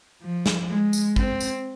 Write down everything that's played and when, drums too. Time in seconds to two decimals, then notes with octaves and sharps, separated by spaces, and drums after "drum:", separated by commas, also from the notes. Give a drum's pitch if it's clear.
0.22 F3
0.46 drum: snare
0.69 G#3
0.93 drum: tambourine
1.16 C4, drum: kick
1.40 drum: tambourine